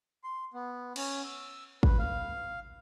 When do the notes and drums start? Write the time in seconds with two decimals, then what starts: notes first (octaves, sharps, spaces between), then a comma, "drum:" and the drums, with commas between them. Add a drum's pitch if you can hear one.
0.24 C6
0.54 B3
0.96 C#4, drum: cymbal
1.25 E6
1.83 B4, drum: kick
1.99 F5